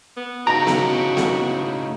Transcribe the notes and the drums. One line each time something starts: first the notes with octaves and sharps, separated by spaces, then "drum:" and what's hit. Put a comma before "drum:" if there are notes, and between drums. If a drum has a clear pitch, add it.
B3
A2 C#3 D#4 F#4 G4 A#5
drum: snare B3
drum: snare B3